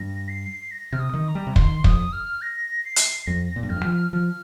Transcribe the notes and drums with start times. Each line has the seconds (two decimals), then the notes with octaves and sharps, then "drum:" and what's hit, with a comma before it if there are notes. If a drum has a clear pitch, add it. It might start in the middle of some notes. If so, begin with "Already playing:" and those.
Already playing: G2 A#6
0.29 C7
0.71 A#6
0.92 C3 F6
1.00 D#6
1.13 D#3
1.28 A#5
1.35 G3
1.47 C3
1.56 D#3 C6, drum: kick
1.84 F2 D#6, drum: kick
2.13 F6
2.42 A#6
2.85 C7
2.96 drum: hi-hat
3.27 F2 A#6
3.56 A#2
3.63 G2
3.70 F2 F6
3.76 G2
3.85 F3
4.13 F3 F6